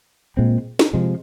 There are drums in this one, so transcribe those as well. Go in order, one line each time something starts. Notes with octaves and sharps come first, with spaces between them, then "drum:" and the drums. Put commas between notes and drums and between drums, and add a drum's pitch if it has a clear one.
A#2 G#3 C4
drum: snare
C3 F3 G#3